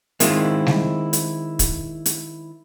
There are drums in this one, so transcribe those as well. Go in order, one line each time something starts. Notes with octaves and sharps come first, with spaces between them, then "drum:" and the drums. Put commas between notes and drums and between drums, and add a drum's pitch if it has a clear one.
D#3 G#3 C4 E4 F4, drum: hi-hat
drum: snare G3
drum: hi-hat
drum: kick, hi-hat
drum: hi-hat